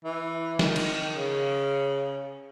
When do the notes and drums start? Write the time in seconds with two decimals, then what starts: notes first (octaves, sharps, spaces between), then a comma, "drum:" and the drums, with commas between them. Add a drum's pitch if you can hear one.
0.04 E3
0.59 D#3, drum: snare
0.76 drum: cymbal
1.14 C#3